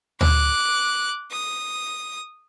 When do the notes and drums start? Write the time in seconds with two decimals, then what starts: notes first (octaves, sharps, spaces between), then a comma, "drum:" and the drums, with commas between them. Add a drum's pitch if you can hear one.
0.21 D6 F#6, drum: tom
1.31 D#6